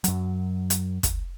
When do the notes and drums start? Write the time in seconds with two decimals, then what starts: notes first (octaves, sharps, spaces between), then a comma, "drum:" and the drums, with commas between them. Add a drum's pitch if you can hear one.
0.04 F#2 F#3, drum: hi-hat
0.70 drum: hi-hat
1.03 drum: kick, hi-hat